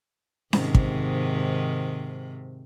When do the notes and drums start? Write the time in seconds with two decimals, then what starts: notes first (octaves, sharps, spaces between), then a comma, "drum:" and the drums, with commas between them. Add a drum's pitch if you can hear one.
0.53 G#2 C3 D#3, drum: snare C#4
0.75 drum: kick